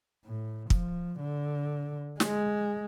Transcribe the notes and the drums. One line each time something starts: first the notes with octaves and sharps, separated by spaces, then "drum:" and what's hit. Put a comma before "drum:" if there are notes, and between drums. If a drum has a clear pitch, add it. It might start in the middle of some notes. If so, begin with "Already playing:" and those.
A2
F3, drum: kick
D3
G#3, drum: snare